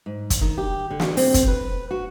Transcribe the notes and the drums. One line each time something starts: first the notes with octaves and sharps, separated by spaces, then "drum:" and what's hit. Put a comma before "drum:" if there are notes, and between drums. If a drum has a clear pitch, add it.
G#2
drum: kick, hi-hat
D#3
G4
D3
drum: snare
C4, drum: open hi-hat
drum: kick, hi-hat
B4
F#4